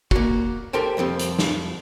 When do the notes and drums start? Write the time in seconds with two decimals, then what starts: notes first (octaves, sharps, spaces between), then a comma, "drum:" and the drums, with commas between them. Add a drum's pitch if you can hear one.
0.11 A#3 F#4, drum: kick
0.73 G4 A4 A#4 C5 G5 A5
0.97 C2 F2 F3 C4
1.19 drum: hi-hat
1.39 drum: snare